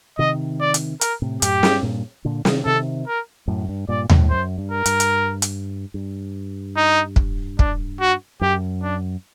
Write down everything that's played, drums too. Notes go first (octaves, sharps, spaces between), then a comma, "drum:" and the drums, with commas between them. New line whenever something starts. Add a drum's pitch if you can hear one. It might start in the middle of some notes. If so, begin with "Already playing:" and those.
C3 D#3 D#5
D5
drum: hi-hat
A#4, drum: hi-hat
A2 C3
F#2 A2 G4, drum: hi-hat
G2, drum: snare
G2 A#2
A#2 D3
C3 D#3, drum: snare
C3 D#3 A4
A#4
F#2 A2
G2
G2 A#2 D5
F#2 A2, drum: tom D#2
F#2 C5
G2
A#4
G2, drum: hi-hat
drum: hi-hat
drum: hi-hat
G2
D#4
drum: kick
D4, drum: kick
F#4
F#2 G4
D4